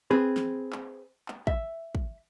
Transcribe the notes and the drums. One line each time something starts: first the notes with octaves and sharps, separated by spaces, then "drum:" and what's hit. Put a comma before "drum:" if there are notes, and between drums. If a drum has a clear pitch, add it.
C4 G#4 B4
drum: snare
drum: clap
drum: clap
E5, drum: kick
drum: kick